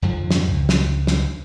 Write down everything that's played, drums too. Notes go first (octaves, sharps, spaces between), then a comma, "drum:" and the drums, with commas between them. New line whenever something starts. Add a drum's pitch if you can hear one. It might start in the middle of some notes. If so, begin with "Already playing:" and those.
F2 G#2 D3 F3
drum: snare
C#2
drum: snare
drum: snare